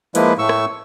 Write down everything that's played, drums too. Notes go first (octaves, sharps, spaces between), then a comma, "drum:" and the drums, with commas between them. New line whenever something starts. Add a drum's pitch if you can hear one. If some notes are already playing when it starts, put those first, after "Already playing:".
F3 G#3 A#3 E4 B4, drum: hi-hat
A2 A3 C#6 E6
drum: rim click